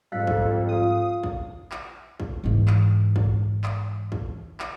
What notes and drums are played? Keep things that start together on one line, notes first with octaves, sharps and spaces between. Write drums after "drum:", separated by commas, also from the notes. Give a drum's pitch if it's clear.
F2 G#2 G3 A4 F5 F#6 B6
drum: kick
F4 F5 D#6
drum: kick
drum: clap
drum: kick
G#2 E3
drum: clap
drum: kick
drum: clap
drum: kick
drum: clap